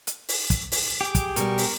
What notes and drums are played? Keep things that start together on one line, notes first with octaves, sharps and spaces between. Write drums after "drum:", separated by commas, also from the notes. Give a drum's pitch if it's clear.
drum: hi-hat
drum: open hi-hat
drum: kick, hi-hat
drum: open hi-hat
G4 G#4 D6
drum: kick, hi-hat
B2 G3 A#4 C#6, drum: hi-hat
drum: open hi-hat